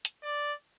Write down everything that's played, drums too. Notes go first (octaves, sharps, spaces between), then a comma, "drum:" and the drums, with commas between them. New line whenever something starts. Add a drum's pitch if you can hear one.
drum: hi-hat
D5